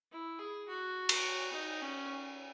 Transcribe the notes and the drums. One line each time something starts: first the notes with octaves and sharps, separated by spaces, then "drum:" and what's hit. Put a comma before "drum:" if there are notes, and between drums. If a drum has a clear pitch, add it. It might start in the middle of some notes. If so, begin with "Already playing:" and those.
E4
G#4
F#4
drum: cymbal
D#4
C#4